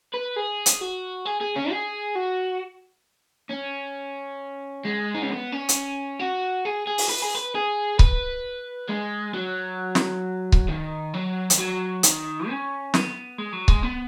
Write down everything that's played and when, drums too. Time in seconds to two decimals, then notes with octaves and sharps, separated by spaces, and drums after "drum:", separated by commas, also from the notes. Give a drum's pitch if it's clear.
0.14 B4
0.37 G#4
0.66 drum: hi-hat
0.81 F#4
1.26 G#4
1.41 G#4
1.56 C#4
1.71 G#4
2.16 F#4
3.51 C#4
4.85 G#3
5.14 D#4
5.22 C#4
5.30 B3
5.52 C#4
5.69 drum: hi-hat
6.20 F#4
6.65 G#4
6.87 G#4
6.98 drum: open hi-hat
7.09 B4
7.22 G#4
7.35 B4
7.55 G#4
7.99 B4, drum: kick C#1
8.89 G#3
9.34 F#3
9.95 drum: snare
10.52 drum: kick C#1
10.68 D#3
11.14 F#3
11.50 D#3, drum: hi-hat
11.58 F#3
12.03 D#3, drum: hi-hat
12.48 C#4
12.94 B3, drum: snare
13.38 G#3
13.53 F#3
13.68 G#3, drum: kick C#1
13.83 B3